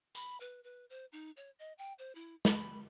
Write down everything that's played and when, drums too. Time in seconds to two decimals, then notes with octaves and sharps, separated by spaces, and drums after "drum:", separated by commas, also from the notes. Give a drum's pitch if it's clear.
0.15 B5, drum: tambourine
0.40 B4
0.64 B4
0.90 C5
1.12 D#4
1.37 C#5
1.59 D#5
1.78 G5
1.99 C5
2.15 E4
2.45 B5, drum: snare